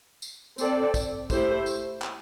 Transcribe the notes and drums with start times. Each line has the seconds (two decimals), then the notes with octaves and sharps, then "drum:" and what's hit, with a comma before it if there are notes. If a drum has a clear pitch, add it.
0.22 drum: tambourine
0.58 C4 A4 D5, drum: tambourine
0.94 drum: kick, tambourine
1.30 A3 E4 G4 C5, drum: kick, tambourine
1.66 drum: tambourine
2.02 drum: clap